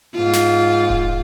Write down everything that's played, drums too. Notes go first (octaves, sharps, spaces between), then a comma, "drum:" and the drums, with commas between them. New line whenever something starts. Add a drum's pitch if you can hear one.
G#2 F4
drum: snare
drum: kick D#1